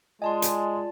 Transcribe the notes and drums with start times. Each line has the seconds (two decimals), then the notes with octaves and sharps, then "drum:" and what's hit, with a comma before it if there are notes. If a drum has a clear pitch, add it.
0.22 G#3 F4 D5 D#5 G#5 A5 C6
0.42 drum: hi-hat